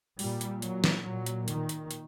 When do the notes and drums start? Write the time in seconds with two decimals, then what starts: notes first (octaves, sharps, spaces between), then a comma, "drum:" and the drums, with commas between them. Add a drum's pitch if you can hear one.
0.19 A#2 G3, drum: open hi-hat
0.41 drum: hi-hat
0.62 F#3, drum: hi-hat
0.84 drum: snare
1.05 A#2 F#3
1.26 drum: hi-hat
1.48 D#3, drum: hi-hat
1.69 drum: hi-hat
1.91 drum: hi-hat